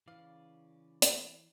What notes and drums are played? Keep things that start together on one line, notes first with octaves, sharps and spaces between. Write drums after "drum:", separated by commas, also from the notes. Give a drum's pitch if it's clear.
C#3 E3 D5 F5
drum: hi-hat